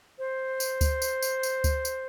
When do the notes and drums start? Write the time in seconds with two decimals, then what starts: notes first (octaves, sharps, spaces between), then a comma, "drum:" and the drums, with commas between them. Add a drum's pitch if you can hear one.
0.19 C5
0.60 drum: tambourine
0.81 drum: kick D2, tambourine
1.02 drum: tambourine
1.22 drum: tambourine
1.43 drum: tambourine
1.64 drum: kick D2, tambourine
1.85 drum: tambourine